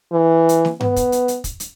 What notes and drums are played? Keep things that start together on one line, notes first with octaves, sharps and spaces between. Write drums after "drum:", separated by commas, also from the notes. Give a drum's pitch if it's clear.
E3
drum: hi-hat
drum: snare
B3, drum: tom G2
drum: kick, hi-hat
drum: hi-hat
drum: hi-hat
drum: kick, hi-hat
drum: hi-hat